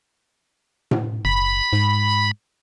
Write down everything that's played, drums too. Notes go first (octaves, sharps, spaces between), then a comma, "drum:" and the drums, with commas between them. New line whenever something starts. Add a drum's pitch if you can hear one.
drum: tom A2
F#1 B5
G#2